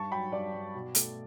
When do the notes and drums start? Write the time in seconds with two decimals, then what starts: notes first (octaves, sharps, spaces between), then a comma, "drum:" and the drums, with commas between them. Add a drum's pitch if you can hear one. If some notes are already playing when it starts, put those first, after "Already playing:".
Already playing: G2 A5 C#6
0.11 F#3 G5 B5
0.32 G2 D5
0.54 G2
0.75 B2
0.95 A3, drum: hi-hat